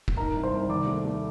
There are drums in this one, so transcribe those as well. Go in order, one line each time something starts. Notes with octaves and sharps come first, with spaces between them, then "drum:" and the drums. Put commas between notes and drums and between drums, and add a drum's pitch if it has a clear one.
drum: kick
D#4 A#4 A#5
C2
C5 C6
C2
D#2 D5 D6
A3
A3